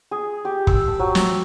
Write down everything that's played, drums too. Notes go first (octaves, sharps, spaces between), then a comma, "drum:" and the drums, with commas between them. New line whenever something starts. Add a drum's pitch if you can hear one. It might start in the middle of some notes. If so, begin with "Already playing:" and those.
G#4
G4
E6, drum: kick
A5
F#3
drum: snare